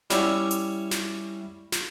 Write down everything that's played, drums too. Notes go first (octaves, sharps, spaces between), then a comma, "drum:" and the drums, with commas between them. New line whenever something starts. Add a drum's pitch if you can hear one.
G3 C#4 E4 G4 E5 F#5, drum: snare
drum: hi-hat
drum: snare
drum: snare